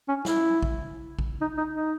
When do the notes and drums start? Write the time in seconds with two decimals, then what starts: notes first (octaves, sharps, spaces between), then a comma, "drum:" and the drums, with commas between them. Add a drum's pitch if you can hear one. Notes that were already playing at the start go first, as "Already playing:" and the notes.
0.09 C#4
0.25 E4, drum: snare
0.62 drum: kick A#1
1.19 drum: kick A#1
1.41 D#4
1.58 D#4
1.73 D#4